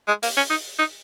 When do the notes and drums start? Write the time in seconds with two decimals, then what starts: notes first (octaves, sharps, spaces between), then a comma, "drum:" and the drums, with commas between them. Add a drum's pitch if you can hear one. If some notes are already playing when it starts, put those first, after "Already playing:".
0.08 G#3
0.23 A#3, drum: open hi-hat
0.37 C#4
0.50 D#4
0.79 D#4